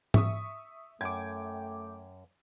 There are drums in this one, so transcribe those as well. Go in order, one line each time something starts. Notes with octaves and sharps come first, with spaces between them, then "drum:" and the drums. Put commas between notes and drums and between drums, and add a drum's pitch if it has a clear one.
E5 C#6 D#6, drum: tom G#2
F#2 A3 G5 D6 G#6